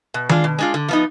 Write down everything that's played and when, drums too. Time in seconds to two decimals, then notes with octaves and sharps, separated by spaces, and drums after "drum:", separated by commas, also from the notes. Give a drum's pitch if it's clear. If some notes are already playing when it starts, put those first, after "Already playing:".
0.14 B2
0.29 G#3 D4 F4, drum: tom D#3
0.44 B2
0.58 G#3 D4 F4
0.74 D3
0.88 F3 B3 D#4